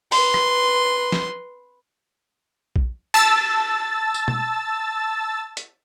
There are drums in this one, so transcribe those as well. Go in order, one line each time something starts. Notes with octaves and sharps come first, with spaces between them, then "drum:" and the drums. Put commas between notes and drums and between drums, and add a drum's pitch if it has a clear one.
B4 C6, drum: open hi-hat
drum: rim click
drum: snare
drum: kick A#1
A5 E6 A6, drum: cymbal
drum: tambourine
drum: tom
drum: hi-hat